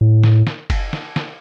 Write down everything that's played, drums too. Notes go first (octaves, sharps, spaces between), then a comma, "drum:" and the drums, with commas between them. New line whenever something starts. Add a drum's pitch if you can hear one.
A2
drum: snare
drum: snare
drum: kick F#1, cymbal
drum: snare
drum: snare